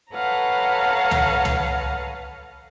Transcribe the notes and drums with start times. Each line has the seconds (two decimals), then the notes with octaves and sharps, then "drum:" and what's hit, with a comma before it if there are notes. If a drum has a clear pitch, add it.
0.15 A4 B4 C#5 F5 F#5 A#5
1.11 drum: tom
1.45 drum: tom